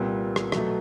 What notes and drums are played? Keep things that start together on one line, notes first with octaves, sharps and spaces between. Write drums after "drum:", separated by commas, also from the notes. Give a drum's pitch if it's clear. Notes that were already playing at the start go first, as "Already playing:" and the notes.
Already playing: C2 A#2 G3 B3
drum: rim click
B2 F#3 A3, drum: rim click